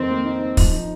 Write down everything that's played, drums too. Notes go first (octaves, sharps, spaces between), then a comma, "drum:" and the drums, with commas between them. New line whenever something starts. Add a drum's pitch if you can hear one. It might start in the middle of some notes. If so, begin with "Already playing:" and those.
Already playing: F2 D#3 C4
A#3
D#4
D#4
F3, drum: kick, open hi-hat
D#4